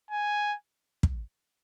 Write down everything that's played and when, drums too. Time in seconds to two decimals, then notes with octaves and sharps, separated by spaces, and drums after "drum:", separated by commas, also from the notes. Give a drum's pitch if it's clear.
0.11 G#5
1.03 drum: kick